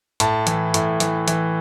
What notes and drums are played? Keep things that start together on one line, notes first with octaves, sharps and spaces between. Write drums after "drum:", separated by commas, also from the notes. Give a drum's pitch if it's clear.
A2 A5, drum: hi-hat
E3, drum: hi-hat
A2, drum: hi-hat
E3, drum: hi-hat
E3, drum: hi-hat